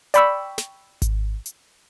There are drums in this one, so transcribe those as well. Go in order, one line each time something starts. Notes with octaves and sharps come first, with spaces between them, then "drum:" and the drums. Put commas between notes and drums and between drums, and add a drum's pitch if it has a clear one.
D5 G5 B5 C#6 E6, drum: hi-hat
drum: snare
drum: kick G#1, hi-hat
drum: hi-hat